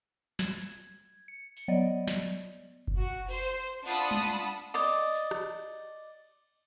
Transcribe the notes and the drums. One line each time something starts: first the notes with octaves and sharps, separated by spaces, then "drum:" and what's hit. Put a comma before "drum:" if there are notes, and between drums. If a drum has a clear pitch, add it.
G#6, drum: snare
drum: hi-hat
C#7
drum: open hi-hat
F#3 B3 D5 D#5
drum: snare
drum: kick F#1
F#4
C5, drum: cymbal
D4 F4 F#5 A5 B5 D#6, drum: cymbal
drum: tom G3
D5 D#5, drum: cymbal
drum: hi-hat
drum: rim click